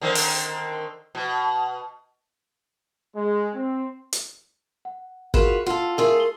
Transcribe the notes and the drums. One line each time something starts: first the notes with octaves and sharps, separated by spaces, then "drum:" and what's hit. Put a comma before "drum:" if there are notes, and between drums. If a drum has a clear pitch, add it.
D3 D#3 C4
drum: open hi-hat
B2
G#3
C4
drum: hi-hat
F#5
F4 F#4 G#4 A#4 B4 E7, drum: kick G1
F4 A4 F#5
A3 F4 G#4 A#4 E6
G7